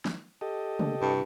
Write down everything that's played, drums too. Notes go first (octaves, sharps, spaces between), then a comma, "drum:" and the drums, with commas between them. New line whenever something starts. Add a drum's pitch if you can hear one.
drum: snare
G4 A4 D#5
A3 A#3 D4, drum: tom
G2 C3 E4 C#6